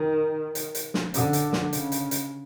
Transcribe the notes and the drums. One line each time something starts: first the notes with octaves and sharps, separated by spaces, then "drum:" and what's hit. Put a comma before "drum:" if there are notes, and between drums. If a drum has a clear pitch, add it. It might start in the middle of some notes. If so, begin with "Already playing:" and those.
Already playing: D#3
drum: hi-hat
drum: hi-hat
drum: snare
D3, drum: hi-hat
drum: hi-hat
drum: snare
C#3, drum: hi-hat
drum: hi-hat
drum: hi-hat